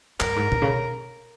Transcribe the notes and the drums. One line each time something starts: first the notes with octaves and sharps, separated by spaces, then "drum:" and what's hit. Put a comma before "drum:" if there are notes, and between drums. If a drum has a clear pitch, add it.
G2 A#4, drum: clap
G#2
A#2, drum: tom B2
C#3